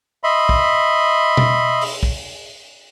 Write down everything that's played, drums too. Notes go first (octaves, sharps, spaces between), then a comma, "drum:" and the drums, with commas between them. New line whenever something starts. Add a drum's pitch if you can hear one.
D#5 E5 B5 C6
drum: kick
drum: tom B2
drum: open hi-hat
drum: kick